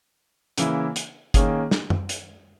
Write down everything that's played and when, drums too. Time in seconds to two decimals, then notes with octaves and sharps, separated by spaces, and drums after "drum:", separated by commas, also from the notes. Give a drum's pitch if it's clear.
0.58 C#3 E3 A#3 E4, drum: hi-hat
0.96 drum: hi-hat
1.34 D#3 A#3 C#4 G#4, drum: kick G1, hi-hat
1.71 drum: snare
1.90 drum: tom
2.09 drum: hi-hat